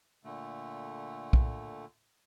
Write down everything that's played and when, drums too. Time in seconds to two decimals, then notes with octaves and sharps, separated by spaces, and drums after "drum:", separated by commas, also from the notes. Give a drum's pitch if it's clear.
0.24 A#2 D3 A3
1.33 drum: kick B1